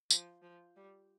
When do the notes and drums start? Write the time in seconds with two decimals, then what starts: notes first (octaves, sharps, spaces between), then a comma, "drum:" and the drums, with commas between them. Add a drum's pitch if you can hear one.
0.11 F3, drum: tambourine
0.42 F3
0.76 G3